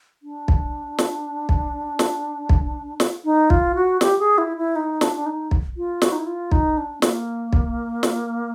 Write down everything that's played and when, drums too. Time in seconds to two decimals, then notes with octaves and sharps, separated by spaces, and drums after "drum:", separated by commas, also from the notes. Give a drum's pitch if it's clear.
0.23 D4
0.48 drum: kick
0.99 drum: snare
1.49 drum: kick
1.99 drum: snare
2.49 drum: kick
3.00 drum: snare
3.25 D#4
3.50 F4, drum: kick
3.75 F#4
4.01 G4, drum: snare
4.19 G#4
4.38 E4
4.57 E4
4.76 D#4
5.01 D4, drum: snare
5.16 D4
5.26 D#4
5.51 drum: kick
5.77 F4
6.02 F#4, drum: snare
6.12 D#4
6.19 E4
6.27 F4
6.51 D#4, drum: kick
6.77 D4
7.02 A#3, drum: snare
7.53 drum: kick
8.03 drum: snare